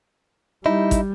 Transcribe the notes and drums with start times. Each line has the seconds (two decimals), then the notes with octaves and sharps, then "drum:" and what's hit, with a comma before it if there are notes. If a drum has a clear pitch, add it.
0.66 G3 D#4 E4
0.91 drum: kick G#1, hi-hat